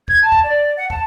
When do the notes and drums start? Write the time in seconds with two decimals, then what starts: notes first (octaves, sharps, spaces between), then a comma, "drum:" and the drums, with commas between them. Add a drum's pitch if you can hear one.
0.08 G#6, drum: kick
0.22 A5
0.32 drum: kick
0.44 D5
0.76 F#5
0.90 A5, drum: kick